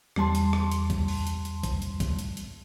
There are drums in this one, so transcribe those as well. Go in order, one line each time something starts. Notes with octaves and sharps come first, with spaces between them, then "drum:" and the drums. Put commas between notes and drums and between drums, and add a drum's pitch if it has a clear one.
E2 G3 A5 C6, drum: rim click
drum: hi-hat
drum: rim click
drum: hi-hat
drum: kick B1, hi-hat
drum: open hi-hat
drum: hi-hat
drum: hi-hat
drum: kick B1, hi-hat
drum: hi-hat
drum: kick B1, hi-hat
drum: hi-hat
drum: hi-hat